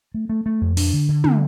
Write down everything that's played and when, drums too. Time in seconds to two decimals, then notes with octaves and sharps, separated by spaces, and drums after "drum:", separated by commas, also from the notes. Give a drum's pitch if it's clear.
0.14 A3
0.29 A3
0.46 A3
0.61 F2
0.77 D4, drum: open hi-hat
0.93 D3
1.09 D3
1.24 D3, drum: tom